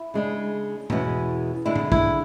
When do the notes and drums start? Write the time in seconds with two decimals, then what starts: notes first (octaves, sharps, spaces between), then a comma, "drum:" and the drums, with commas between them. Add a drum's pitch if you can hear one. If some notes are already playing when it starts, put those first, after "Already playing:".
Already playing: E4
0.14 C#3 G#3 D4
0.90 E2 B2 G#3 C#4 E4, drum: tom G#2
1.66 D3 G#3 D4 E4
1.76 drum: tom G#2
1.92 E4, drum: kick